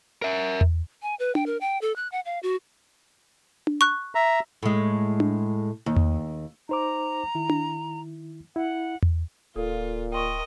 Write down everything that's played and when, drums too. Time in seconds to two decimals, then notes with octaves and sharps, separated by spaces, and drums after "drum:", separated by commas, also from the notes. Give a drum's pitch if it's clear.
0.22 A#4 E5
0.61 drum: tom E2
1.02 G#5
1.19 B4
1.35 G5, drum: tom D4
1.46 A#4
1.61 G5
1.81 A4
1.96 F#6
2.12 F#5
2.26 F5
2.43 F#4
3.67 drum: tom D4
3.81 C#6 F#6
4.15 E5 A#5
4.63 A2 G#3
5.20 drum: tom D4
5.86 D#2
5.96 drum: tom E2
6.69 D#4 C5 A#5 D6
7.35 D#3 E4
7.49 drum: tom D4
8.56 E4 F#5
9.03 drum: tom E2
9.56 D1 A#2 F4 A4
10.12 A#4 D#5 G5 C6 C#6